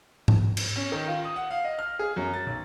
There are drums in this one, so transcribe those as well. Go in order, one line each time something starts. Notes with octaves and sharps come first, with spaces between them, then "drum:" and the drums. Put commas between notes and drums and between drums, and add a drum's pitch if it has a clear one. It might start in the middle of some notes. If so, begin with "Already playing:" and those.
drum: tom G#2
drum: cymbal
C#4
D#3
F4
D#6
F#5
F5
D#5
F6
G#4
F#2
A6
B1